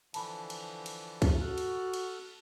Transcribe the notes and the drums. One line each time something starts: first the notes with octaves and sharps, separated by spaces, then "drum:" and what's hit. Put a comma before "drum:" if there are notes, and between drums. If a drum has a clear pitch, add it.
D3 E3 F3 A5 B5, drum: cymbal
drum: cymbal
drum: cymbal
drum: kick, cymbal
F#4 A4 F6 F#6
drum: cymbal
drum: cymbal